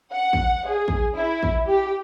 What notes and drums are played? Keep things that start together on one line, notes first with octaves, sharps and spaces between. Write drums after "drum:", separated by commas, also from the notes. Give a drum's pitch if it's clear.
F#5
drum: kick
G#4
drum: kick
E4
drum: kick
G4